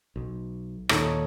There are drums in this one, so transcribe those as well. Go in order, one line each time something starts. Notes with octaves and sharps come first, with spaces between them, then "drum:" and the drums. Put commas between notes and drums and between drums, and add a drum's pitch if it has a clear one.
B1
D#2 A#2 D#3 D#4 A4 C#5, drum: rim click